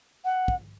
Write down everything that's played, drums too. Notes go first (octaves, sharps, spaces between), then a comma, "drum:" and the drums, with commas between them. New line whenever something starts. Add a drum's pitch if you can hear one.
F#5
drum: kick